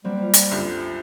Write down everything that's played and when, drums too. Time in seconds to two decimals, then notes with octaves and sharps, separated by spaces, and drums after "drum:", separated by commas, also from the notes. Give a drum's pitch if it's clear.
0.05 F#3 G3 A#3 C4
0.17 C4 F4
0.34 drum: hi-hat
0.51 C2 F#2 D3